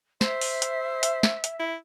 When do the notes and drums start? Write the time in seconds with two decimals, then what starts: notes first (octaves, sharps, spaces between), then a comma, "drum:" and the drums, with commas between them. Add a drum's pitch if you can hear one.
0.21 C5 E5, drum: snare
0.41 drum: open hi-hat
0.62 drum: hi-hat
1.03 drum: hi-hat
1.23 drum: snare
1.44 drum: hi-hat
1.60 E4